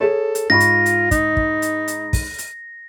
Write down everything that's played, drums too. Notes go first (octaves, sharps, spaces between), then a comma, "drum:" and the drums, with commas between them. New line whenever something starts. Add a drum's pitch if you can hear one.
G#4 A4 C#5
drum: hi-hat
G#2 F4 B5 C#6 A#6
drum: hi-hat
drum: hi-hat
D#4, drum: kick, hi-hat
drum: kick
drum: hi-hat
drum: hi-hat
drum: kick, open hi-hat
drum: hi-hat